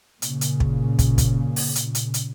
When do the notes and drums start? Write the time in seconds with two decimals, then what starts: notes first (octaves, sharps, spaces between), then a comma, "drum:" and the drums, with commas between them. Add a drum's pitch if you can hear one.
0.22 A#2 C#3, drum: hi-hat
0.41 drum: hi-hat
0.60 drum: kick
0.99 drum: kick, hi-hat
1.18 drum: kick, hi-hat
1.56 drum: open hi-hat
1.75 drum: hi-hat
1.95 drum: hi-hat
2.14 drum: hi-hat